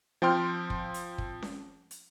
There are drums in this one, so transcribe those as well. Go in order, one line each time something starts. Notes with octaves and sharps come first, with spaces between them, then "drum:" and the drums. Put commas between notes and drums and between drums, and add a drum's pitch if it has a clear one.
F3 C4 G5 C6 F6
drum: kick
drum: hi-hat
drum: kick
drum: snare C#4
drum: hi-hat